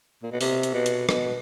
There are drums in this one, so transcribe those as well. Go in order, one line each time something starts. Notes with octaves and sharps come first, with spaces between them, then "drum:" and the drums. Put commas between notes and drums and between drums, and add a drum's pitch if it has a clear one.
A#2
B2
C3, drum: open hi-hat
drum: hi-hat
B2
drum: hi-hat
B2, drum: rim click